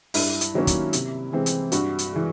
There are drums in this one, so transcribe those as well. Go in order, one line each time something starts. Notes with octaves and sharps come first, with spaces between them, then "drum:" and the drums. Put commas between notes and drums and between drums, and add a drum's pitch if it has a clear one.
G2 E4, drum: open hi-hat
drum: hi-hat
D#3 F#3 A#3 C#4
drum: kick, hi-hat
C3, drum: hi-hat
E3 G#3 C4
drum: hi-hat
G2 F#4, drum: hi-hat
drum: hi-hat
E3 G#3